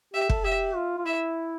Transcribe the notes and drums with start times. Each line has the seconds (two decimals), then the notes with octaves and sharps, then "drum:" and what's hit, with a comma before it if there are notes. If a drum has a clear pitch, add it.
0.14 G4 E5
0.29 A4, drum: kick
0.44 G4 E5
0.76 F4
0.98 F4
1.05 E4 E5